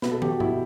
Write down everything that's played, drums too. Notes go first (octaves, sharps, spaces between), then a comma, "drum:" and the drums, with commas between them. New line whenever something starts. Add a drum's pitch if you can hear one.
B2 B4, drum: snare
A4
G4, drum: tom
F#4
B2 E4, drum: tom G#2